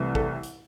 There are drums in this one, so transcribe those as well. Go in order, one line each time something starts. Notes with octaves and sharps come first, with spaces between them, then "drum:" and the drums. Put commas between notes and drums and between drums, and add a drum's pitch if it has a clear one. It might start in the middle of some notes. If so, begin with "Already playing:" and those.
Already playing: C2 C3 E3 A3
A4, drum: kick G#1
drum: hi-hat